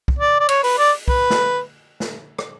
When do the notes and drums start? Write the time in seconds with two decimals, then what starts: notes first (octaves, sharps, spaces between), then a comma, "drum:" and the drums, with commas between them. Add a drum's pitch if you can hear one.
0.08 drum: kick C2
0.19 D5
0.40 D5
0.49 C#5, drum: cymbal
0.64 B4, drum: open hi-hat
0.78 D5
1.08 B4, drum: kick C2
1.30 drum: snare
2.00 drum: snare
2.39 drum: rim click